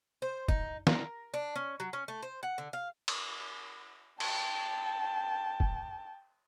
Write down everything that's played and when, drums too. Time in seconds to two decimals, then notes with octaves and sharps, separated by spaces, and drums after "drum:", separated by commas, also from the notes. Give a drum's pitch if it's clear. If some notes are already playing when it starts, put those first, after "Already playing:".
0.22 C5
0.48 D#4, drum: kick
0.87 A#4, drum: snare
1.34 D4
1.56 C#4
1.80 F#3
1.93 C#4
2.08 A3
2.23 C5
2.43 F#5
2.58 D3
2.73 F5
3.08 drum: cymbal
4.20 G5 A5, drum: cymbal
5.60 drum: kick